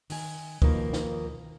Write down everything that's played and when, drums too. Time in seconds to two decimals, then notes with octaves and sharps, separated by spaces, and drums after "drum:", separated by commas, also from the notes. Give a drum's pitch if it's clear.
0.10 D#3 G#5, drum: open hi-hat
0.62 B2 D#3 F3 A#3, drum: kick
0.93 drum: snare